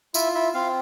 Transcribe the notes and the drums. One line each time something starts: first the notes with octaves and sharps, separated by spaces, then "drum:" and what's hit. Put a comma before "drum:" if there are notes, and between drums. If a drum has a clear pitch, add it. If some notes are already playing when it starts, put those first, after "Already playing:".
E4 F4 E5, drum: tambourine
E4 E5
C4 F4 F5